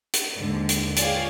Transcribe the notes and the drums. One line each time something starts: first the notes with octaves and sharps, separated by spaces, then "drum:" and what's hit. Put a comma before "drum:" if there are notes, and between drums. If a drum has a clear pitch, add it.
drum: hi-hat
D#2 G#2 D3
drum: hi-hat
F4 G#4 C#5 D5 F5 G5, drum: hi-hat